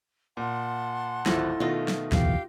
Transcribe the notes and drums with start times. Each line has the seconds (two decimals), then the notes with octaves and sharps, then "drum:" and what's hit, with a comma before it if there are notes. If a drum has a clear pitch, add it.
0.37 A#2 F#5 A5 C6
1.26 D1 G#1 E4 F4 A4 A#6, drum: snare
1.60 B2 D#3 A3 F4 D#5
1.88 drum: snare
2.12 D1 B1 E2 G4 F5, drum: snare